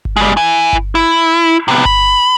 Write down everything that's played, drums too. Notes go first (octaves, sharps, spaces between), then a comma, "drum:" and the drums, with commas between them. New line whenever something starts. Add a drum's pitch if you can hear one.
drum: kick G1
G3 G#3
E4 G#5
drum: kick G1
E4
C3 B3
B5, drum: kick G1